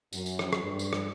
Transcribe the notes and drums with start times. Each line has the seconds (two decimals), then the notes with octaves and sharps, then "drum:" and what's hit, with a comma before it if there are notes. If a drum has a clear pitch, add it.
0.13 F#2, drum: tambourine
0.26 drum: tambourine
0.39 drum: rim click
0.53 drum: rim click
0.62 G2
0.79 drum: tambourine
0.93 drum: rim click